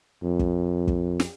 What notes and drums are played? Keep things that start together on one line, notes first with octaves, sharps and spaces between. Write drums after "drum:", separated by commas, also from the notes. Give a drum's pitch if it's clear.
F2
drum: kick
drum: kick
drum: snare